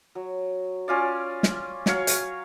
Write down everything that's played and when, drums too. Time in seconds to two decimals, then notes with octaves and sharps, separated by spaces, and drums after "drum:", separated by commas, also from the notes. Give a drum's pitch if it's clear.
0.15 F#3
0.88 C#4 F4 D5
1.43 drum: snare
1.86 F#3 C#5 F5, drum: snare
2.07 drum: hi-hat